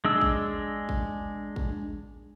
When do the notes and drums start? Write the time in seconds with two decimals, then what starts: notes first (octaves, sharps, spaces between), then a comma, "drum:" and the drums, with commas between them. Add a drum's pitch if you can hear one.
0.05 G#3 D4 E6
0.21 drum: kick A1
0.89 drum: kick A1
1.56 drum: kick A1